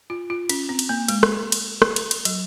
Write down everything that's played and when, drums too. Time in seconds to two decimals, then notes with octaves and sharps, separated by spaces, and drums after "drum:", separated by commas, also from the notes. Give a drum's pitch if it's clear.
0.10 F4
0.30 F4
0.49 C#4, drum: cymbal
0.69 C4
0.79 drum: cymbal
0.89 A#3
1.08 G#3, drum: cymbal
1.23 drum: rim click
1.52 drum: cymbal
1.82 drum: rim click
1.96 drum: cymbal
2.11 drum: cymbal
2.25 F#3, drum: cymbal